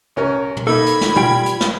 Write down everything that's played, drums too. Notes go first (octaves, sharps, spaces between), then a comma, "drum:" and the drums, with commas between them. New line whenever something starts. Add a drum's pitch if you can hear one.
C2 C#4 A#4
drum: tom
A#3 D#4 A4 B5 G#6
drum: hi-hat
drum: snare
G3 F4 G5, drum: tom
drum: hi-hat
drum: snare